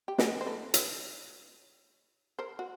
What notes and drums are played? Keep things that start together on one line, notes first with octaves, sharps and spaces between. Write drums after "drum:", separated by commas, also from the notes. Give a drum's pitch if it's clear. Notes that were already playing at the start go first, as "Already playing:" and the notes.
G4
F#4 G#4, drum: snare
C5
A4 B4
B4 C#5, drum: hi-hat
A#4 C5
F#4